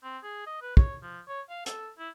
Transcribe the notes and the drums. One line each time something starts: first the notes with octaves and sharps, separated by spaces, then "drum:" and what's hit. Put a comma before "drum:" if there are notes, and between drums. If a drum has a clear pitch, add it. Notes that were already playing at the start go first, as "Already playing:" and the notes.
C4
G#4
D#5
B4
C#5, drum: kick
F3
C#5
F5
A4, drum: hi-hat
E4